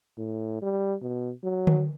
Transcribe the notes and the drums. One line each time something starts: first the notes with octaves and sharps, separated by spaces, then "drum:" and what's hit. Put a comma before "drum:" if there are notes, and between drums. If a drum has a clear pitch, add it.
A2
G3
B2
F#3
drum: tom D3